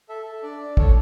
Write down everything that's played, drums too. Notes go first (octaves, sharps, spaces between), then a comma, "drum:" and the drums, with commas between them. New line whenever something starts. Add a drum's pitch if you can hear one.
A4 E5
A4
D4 D5
D4
A4 C#5, drum: kick